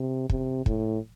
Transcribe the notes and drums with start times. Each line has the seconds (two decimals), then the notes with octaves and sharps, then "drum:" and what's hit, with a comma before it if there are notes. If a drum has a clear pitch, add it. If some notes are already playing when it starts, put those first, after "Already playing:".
Already playing: C3
0.29 C3, drum: kick
0.66 A2, drum: kick